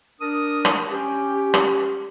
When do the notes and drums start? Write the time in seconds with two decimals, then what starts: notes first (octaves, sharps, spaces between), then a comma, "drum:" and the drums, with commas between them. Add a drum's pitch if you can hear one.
0.20 D4 A#4 D#6
0.65 drum: rim click
0.91 C#4 G4
1.54 drum: rim click